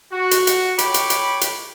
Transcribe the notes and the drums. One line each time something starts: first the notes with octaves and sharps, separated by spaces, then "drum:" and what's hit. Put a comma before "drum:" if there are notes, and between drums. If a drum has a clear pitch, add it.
F#4
drum: hi-hat
drum: hi-hat
C#5 G5 B5 D6, drum: hi-hat
drum: hi-hat
drum: hi-hat
drum: hi-hat